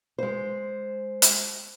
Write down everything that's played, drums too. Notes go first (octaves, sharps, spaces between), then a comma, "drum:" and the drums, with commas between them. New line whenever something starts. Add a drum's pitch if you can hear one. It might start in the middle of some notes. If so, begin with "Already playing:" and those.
G#3 C5
drum: hi-hat